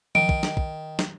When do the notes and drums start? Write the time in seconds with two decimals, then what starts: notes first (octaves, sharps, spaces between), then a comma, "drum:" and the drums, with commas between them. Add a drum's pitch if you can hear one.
0.15 D#3 D7, drum: tom F3
0.29 drum: kick
0.43 drum: snare
0.57 drum: kick
0.99 drum: snare